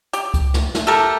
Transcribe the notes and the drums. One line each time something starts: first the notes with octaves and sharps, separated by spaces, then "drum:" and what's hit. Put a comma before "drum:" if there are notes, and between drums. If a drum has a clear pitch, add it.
G4, drum: hi-hat
drum: kick C#2, hi-hat
drum: snare
drum: snare
A3 G4 A4 A#4